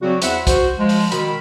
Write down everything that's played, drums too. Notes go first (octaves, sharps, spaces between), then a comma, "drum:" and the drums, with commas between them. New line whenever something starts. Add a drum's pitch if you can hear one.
C#3 F#3 G3 C4 F#4
E2 E4 C5 E5 F#5, drum: hi-hat
F#4 C5, drum: kick, hi-hat
F3 G#3
drum: open hi-hat
B2 D#3 B5, drum: hi-hat